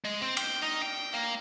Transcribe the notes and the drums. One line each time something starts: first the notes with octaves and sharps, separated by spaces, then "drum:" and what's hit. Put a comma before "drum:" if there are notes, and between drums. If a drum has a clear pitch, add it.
G#3
C4
G5, drum: cymbal
D#4
G5
A#3